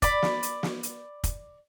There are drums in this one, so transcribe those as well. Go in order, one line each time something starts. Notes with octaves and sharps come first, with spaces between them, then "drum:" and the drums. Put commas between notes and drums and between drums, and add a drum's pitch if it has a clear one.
D5 B5, drum: kick, hi-hat
drum: snare
drum: hi-hat
drum: snare
drum: hi-hat
drum: kick, hi-hat